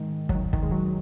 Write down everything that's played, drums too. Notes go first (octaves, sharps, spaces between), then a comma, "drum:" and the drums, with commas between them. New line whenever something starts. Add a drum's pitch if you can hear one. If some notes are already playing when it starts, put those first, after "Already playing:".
Already playing: G#2 D#3 G#3
F#3, drum: kick
D#3
D#3, drum: kick
G#3
F#3